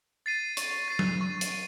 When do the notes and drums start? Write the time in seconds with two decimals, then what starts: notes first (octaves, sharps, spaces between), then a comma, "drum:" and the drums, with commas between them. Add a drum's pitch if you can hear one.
0.26 A6 C7 D#7
0.57 C#6, drum: hi-hat
0.88 A6 C7 D#7
0.99 drum: tom F#3
1.21 C#6
1.41 drum: hi-hat
1.52 D#7